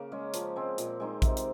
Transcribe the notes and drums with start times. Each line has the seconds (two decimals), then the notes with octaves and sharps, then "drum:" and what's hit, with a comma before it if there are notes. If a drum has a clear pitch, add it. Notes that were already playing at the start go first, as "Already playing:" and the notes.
Already playing: C#3 A#3
0.12 G#3 C#4
0.34 F3, drum: hi-hat
0.56 G#3 C4
0.78 A#2, drum: hi-hat
1.00 G#3 C4 D#4
1.22 C3, drum: kick A#1, hi-hat
1.37 drum: hi-hat